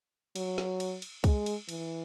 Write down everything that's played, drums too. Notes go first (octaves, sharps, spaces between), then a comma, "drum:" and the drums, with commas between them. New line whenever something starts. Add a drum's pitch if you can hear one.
F#3, drum: cymbal
drum: snare
drum: cymbal
drum: cymbal
G#3, drum: kick, cymbal
drum: cymbal
E3, drum: cymbal